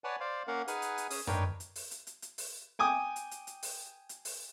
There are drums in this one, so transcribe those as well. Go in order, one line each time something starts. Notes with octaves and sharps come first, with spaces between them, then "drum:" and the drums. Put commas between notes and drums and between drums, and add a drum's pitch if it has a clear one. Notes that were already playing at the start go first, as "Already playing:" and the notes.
B4 C#5 D5 F#5 G#5 A5
C5 D5 F5
A#3 C#4 A#4 F5 F#5
D#4 G#4 B4 F#5 G#5 F6, drum: hi-hat
drum: hi-hat
drum: hi-hat
C#4 G#4 D#6, drum: open hi-hat
D4 D#4 A#4 B4 C#5 G5, drum: tom F#2
drum: hi-hat
drum: open hi-hat
drum: hi-hat
drum: hi-hat
drum: hi-hat
drum: open hi-hat
G5 G#5 D6 D#6
drum: hi-hat
drum: hi-hat
drum: hi-hat
drum: open hi-hat
drum: hi-hat
drum: open hi-hat